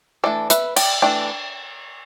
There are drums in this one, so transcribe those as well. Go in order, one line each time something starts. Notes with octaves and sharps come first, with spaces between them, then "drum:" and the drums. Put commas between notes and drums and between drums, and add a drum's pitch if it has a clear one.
E3 A3 D4 A4 D5
B4 E5, drum: hi-hat
D5 G5, drum: cymbal
E3 A3 D4 D5 G5